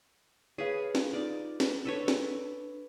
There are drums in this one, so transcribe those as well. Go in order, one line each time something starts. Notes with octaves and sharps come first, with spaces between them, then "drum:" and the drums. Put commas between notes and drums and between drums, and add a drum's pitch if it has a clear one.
G#4 B4 C#5 F5
drum: snare
D#4 F4 D5
B4, drum: snare
D4 A4 B4 C#5
drum: snare